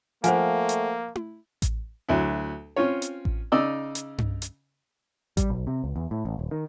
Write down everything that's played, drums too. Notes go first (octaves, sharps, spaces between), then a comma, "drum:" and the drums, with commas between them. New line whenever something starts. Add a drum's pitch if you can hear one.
F3 A3 A#3 C5 F#5 G#5, drum: hi-hat
drum: hi-hat
drum: tom E4
drum: kick A1, hi-hat
D2 F#3 E4
C4 C#4 F4 C#5
drum: hi-hat
drum: kick A1
C#3 D#4 D5 D#5 E6
drum: hi-hat
drum: tom G2
drum: hi-hat
G3, drum: kick A1, hi-hat
B1
C3
C#2
E2
A2
A1
D#1
D#3